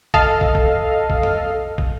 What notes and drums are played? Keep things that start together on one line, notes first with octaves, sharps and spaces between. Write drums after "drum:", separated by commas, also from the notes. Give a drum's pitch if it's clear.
A4 D#5 F5, drum: kick
drum: kick
drum: kick
drum: kick
drum: tom
drum: kick